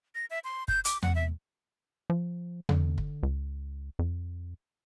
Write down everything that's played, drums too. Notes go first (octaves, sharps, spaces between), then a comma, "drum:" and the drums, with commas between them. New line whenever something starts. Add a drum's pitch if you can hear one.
A#6
E5
C6
G6, drum: kick
D6, drum: hi-hat
F#5, drum: tom E2
E5
F3
D3, drum: tom E2
drum: kick
C#2
F2